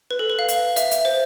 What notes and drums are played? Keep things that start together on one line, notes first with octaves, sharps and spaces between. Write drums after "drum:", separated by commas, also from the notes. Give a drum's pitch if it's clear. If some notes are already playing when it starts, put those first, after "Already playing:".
B4
A4
B4
F5
drum: hi-hat
E5, drum: hi-hat
drum: hi-hat
C5